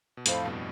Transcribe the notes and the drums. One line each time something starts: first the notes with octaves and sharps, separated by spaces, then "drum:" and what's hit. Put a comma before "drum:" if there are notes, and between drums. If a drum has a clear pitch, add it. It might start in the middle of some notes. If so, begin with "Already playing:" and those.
B2
F2 A2 A4 C5 F5 B5, drum: hi-hat
G2 B2